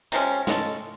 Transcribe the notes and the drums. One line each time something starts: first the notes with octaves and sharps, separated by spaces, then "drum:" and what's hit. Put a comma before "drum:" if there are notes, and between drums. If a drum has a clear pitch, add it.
C3 F3 G#3 C#4, drum: hi-hat
G#3 C#4 F#4 A4, drum: snare